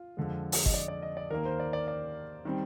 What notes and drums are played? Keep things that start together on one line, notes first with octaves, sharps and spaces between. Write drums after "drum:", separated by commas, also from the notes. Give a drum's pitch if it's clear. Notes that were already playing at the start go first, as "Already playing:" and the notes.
Already playing: F4
F2 D3 G#3
drum: open hi-hat
D#5, drum: kick G1
D5
D5
D#5
D5
D#2 D#3 A#3 A#4
C5
D5
D5
D5
D#3 G3 C4